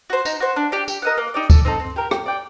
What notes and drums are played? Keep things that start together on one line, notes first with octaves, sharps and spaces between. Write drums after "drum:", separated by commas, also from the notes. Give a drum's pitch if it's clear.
F#4 C5
D#4, drum: tambourine
F#4 C5
D4
G4 D5
G4, drum: tambourine
A#4 D#5 F#5
A#3
D#4 G4 D5
A3, drum: kick D2, tambourine
C4 D#4 A4
C4
G4 A#4
G4, drum: rim click
D5 G5